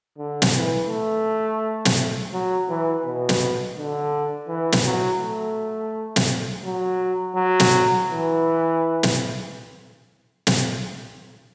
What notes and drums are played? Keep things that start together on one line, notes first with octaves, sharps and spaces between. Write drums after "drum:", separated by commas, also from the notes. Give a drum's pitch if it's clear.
D3
drum: snare
E3
A3
drum: snare
F#3
E3
B2
drum: snare
D3
E3
drum: snare
F#3
A3
drum: snare
F#3
F#3
drum: snare
E3
drum: snare
drum: snare